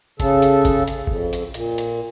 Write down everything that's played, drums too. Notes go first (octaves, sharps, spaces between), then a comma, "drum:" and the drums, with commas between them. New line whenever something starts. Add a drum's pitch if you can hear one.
C#3 A4, drum: kick, hi-hat
drum: hi-hat
drum: kick, hi-hat
drum: hi-hat
F2, drum: kick
drum: hi-hat
A#2, drum: hi-hat
drum: hi-hat